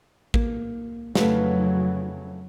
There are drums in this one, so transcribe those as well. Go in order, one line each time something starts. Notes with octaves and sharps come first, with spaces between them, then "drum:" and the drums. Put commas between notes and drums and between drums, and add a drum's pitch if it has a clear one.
A#3, drum: kick A1
F2 C#3 F#3 A3 B4 F5, drum: snare